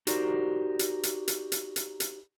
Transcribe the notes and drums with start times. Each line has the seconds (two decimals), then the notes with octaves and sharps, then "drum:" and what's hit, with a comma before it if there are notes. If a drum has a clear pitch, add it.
0.07 D#4 F#4 G4 A#4 C5 D5, drum: hi-hat
0.79 drum: hi-hat
1.03 drum: hi-hat
1.28 drum: hi-hat
1.52 drum: hi-hat
1.76 drum: hi-hat
2.00 drum: hi-hat